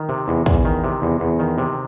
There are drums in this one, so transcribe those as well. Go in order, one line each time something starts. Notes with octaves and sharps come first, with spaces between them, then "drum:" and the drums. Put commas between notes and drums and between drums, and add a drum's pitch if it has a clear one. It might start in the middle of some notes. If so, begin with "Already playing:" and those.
Already playing: D#3
C3
E2
E2, drum: kick
D#3
C3
E2
E2
D#3
C3